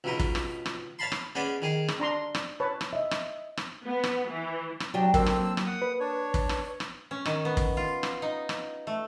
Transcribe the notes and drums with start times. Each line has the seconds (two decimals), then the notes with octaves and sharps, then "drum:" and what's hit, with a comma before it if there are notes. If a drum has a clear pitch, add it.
0.04 C#2 B2 D#4
0.19 drum: kick
0.35 drum: rim click
0.66 drum: rim click
0.99 C#5 F5 A5 B5 C6
1.12 drum: rim click
1.35 G#3 B3 C#4 D5
1.62 D#3 G#4
1.88 drum: rim click
2.00 D4 A#5 C6
2.35 drum: rim click
2.60 B4 C#5 A5
2.81 drum: rim click
2.93 D#5 E5
3.11 drum: rim click
3.57 drum: rim click
3.84 B3
4.04 drum: rim click
4.29 E3
4.80 drum: rim click
4.94 F#3 D4 F#4 G4
5.14 A#3 C4 D4 E6, drum: kick
5.26 drum: rim click
5.57 drum: rim click
5.66 F#5 D#6
5.82 B4
6.00 D4 C#5
6.34 drum: kick
6.49 drum: rim click
6.80 drum: rim click
7.11 C#4
7.25 D#3, drum: rim click
7.45 B3
7.57 drum: kick
7.77 F4
8.03 drum: rim click
8.22 D#4
8.49 drum: rim click
8.87 A3